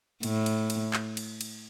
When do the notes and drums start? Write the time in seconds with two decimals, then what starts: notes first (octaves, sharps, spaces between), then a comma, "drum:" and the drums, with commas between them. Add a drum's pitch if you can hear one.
0.23 A2, drum: cymbal
0.46 drum: cymbal
0.70 drum: cymbal
0.93 drum: clap
1.17 drum: cymbal
1.41 drum: cymbal